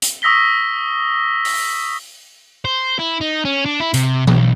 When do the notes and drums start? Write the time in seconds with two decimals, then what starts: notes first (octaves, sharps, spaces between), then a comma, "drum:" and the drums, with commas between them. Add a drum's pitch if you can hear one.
0.02 drum: hi-hat
0.22 C#6 D#6 E6 A#6 B6 G7
1.45 drum: open hi-hat
2.65 C5
2.99 E4
3.21 D#4
3.45 C#4
3.66 D4
3.80 E4
3.94 C3, drum: hi-hat
4.27 B1, drum: tom E3